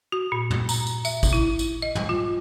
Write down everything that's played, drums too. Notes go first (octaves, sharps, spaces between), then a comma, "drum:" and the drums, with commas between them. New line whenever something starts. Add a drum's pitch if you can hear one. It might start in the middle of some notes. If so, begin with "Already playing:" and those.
F#4
A#2
drum: tom
A#5, drum: tambourine
drum: tambourine
E5, drum: tambourine
drum: kick, tambourine
E4
drum: tambourine
D#5
drum: tom
F4